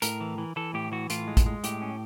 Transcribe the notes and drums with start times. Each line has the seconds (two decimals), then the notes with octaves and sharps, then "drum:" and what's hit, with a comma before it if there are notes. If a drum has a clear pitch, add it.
0.02 A2 A#4, drum: hi-hat
0.21 E3
0.38 E3
0.56 E3 A4
0.74 A2 G4
0.92 E3 F#4
1.10 A2 F4, drum: hi-hat
1.27 G#3
1.37 drum: kick A1, hi-hat
1.46 G#3
1.64 A2 G4, drum: hi-hat
1.82 C#4